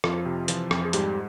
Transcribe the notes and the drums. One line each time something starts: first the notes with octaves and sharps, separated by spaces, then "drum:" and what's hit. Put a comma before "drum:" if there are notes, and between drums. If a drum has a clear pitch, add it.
F2 F3 F4, drum: rim click
C3
E3 F3 F4, drum: hi-hat
F2, drum: rim click
G#4
G#2 G3 G4, drum: hi-hat